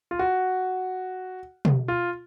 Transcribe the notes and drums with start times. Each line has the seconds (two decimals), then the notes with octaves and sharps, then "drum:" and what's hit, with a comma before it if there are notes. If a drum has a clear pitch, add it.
0.11 F4
0.19 F#4
1.65 drum: tom
1.88 F4